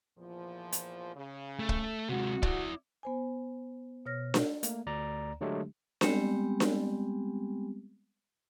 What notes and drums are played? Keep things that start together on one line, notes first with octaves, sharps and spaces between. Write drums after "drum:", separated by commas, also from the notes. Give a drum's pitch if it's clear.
E2 A#2 F3
drum: hi-hat
C#3
A3
drum: kick
C3 G#3 F#4
E4 D5, drum: kick
B3 C5 G#5
B2 C#5 F6 A#6
drum: snare D4
A3 A#3, drum: hi-hat
D2 D5 A#5
D3 F#3 G#3 A3 D4 G4
G3 G#3 B3 C4 G4, drum: snare D4
drum: snare D4